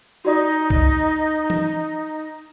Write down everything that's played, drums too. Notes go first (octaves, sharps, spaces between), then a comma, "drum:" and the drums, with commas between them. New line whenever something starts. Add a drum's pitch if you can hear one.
D#4 F#4 D5 D#6
drum: kick
drum: tom E3